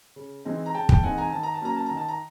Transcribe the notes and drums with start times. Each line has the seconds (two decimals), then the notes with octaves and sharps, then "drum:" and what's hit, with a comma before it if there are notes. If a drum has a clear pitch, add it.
0.16 C#3
0.45 E3 G#3 C4 D#4
0.66 A#5
0.74 C#3 G5 A5
0.89 G5 A5, drum: kick
1.03 E3 G#3 C4 D#4 F#5 G#5
1.18 G#5 A#5
1.32 D#3 A5
1.43 A#5
1.54 A5
1.61 F#3 A#3 C#4 A#5
1.76 A5
1.86 D#3 A#5
1.97 A5
2.08 A#5